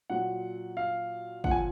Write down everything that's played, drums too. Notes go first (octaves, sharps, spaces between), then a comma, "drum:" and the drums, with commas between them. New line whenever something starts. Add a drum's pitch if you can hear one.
A#2 F#3 F#5
F5
A#2 F3 F#5, drum: kick
G#5